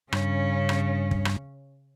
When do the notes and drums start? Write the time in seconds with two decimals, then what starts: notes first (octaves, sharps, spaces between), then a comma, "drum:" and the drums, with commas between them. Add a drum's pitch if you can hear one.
0.12 G2 C#3 C#4, drum: rim click
0.69 drum: rim click
1.11 drum: kick
1.25 drum: rim click